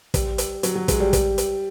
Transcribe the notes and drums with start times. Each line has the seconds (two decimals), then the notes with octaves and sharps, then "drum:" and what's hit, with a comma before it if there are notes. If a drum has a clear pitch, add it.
0.14 G3, drum: kick, hi-hat
0.38 drum: hi-hat
0.63 F#3, drum: hi-hat
0.75 F#3
0.88 G#3, drum: kick, hi-hat
1.00 G3
1.13 drum: kick, hi-hat
1.38 drum: hi-hat